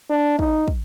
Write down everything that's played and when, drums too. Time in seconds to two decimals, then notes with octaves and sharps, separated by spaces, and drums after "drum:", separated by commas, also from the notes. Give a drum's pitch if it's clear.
0.10 D4
0.39 D#4, drum: kick
0.68 drum: kick